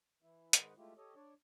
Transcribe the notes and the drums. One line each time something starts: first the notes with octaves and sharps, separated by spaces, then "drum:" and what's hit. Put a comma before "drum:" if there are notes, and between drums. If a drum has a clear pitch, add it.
E3 E4
G#2 D#3 B4 C5 D#5 F#5, drum: hi-hat
G#3 A3 E4 F4 G4
G4 A4 C#5 D#5
D4 C#5 D5